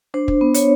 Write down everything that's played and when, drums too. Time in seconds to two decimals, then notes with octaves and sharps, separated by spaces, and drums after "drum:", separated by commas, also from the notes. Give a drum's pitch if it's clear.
0.14 D4 C5
0.28 drum: kick
0.41 B3
0.54 C#5, drum: hi-hat